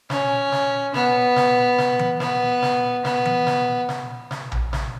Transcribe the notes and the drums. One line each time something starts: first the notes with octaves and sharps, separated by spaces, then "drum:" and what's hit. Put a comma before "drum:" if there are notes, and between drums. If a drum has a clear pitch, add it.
C#4, drum: snare
drum: snare
B3, drum: snare
drum: snare
drum: snare
drum: tom E3
B3, drum: snare
drum: snare
B3, drum: snare
drum: tom E3
drum: snare
drum: snare
drum: snare
drum: tom A#1
drum: snare